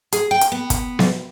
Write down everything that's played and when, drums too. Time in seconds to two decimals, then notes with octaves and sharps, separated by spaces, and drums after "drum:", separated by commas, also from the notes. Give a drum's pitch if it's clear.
0.13 G#4, drum: hi-hat
0.31 G5
0.41 drum: hi-hat
0.52 B3
0.70 drum: kick, hi-hat
0.99 drum: snare B3